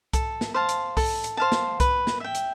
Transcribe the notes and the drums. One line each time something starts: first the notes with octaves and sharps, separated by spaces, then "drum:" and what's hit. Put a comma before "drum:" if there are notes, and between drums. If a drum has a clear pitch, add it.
A4, drum: kick C2, hi-hat
drum: snare
C5 F5 A5
drum: hi-hat
A4, drum: kick C2, open hi-hat
drum: hi-hat
C5 F5 A5
drum: snare
B4, drum: kick C2, hi-hat
drum: snare
E5 G5
drum: hi-hat